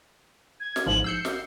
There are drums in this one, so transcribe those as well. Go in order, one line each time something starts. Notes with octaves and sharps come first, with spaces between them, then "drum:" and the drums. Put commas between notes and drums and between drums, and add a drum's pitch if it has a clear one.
G#6
drum: snare
A1 G#2 F3 F#7
E6 G6 C7 C#7
drum: snare